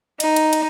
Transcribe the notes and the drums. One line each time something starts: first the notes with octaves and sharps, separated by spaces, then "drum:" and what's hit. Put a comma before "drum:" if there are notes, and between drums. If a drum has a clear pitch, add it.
D#4, drum: cymbal
drum: cymbal
drum: cymbal